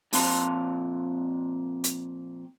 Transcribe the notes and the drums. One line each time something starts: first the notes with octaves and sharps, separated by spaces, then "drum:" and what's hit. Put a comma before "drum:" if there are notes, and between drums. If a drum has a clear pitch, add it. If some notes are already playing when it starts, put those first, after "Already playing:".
F2 A#2 C4 F5 A5 C6, drum: open hi-hat
drum: hi-hat